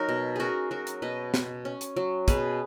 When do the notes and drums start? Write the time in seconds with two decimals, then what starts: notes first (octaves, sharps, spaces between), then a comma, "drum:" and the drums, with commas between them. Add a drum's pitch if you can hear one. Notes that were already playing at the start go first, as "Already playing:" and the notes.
Already playing: F#3 D#4 F#4 A#4
0.09 B2
0.36 C#4 F#4 G#4 A#4
0.71 F#3 F#4 A#4
0.87 drum: hi-hat
1.02 B2 B4 D#5
1.34 B2, drum: snare
1.65 C#4
1.81 drum: hi-hat
1.96 F#3
2.28 B2 G#4 B4, drum: kick, hi-hat